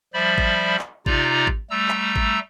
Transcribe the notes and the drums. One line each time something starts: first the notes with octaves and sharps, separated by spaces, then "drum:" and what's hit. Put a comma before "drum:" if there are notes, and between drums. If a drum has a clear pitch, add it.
F3 G3 C5 D5 E5 B5
drum: kick G#1
drum: clap
C3 D#4 F4 D5 A#5, drum: kick G#1
drum: kick G#1
G3 A3 A#5 E6
drum: clap
drum: kick G#1